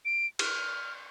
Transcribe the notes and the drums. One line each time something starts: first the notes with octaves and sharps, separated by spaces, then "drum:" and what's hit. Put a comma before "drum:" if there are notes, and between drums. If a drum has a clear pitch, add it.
D7
F6, drum: cymbal